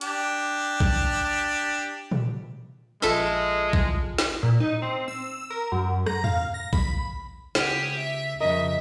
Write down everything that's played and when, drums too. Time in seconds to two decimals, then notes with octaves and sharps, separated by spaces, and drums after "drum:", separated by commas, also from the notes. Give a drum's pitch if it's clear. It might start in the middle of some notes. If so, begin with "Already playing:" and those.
0.01 D4 G4, drum: hi-hat
0.80 drum: kick A#1
2.12 drum: tom A#2
3.02 A#1 G#3 F4 A4 E5 F6
3.73 drum: kick A#1
4.18 drum: snare
4.43 A#2
4.60 D#4
4.82 C4
5.08 E6
5.50 A#4
5.72 F#2
6.06 A#5, drum: rim click
6.24 F5, drum: tom E2
6.54 A#6
6.73 B5, drum: kick A#1
7.55 C#2 G4 G#4 F#5, drum: snare
7.97 E5
8.41 F2 C#3 A#4 D#5 E5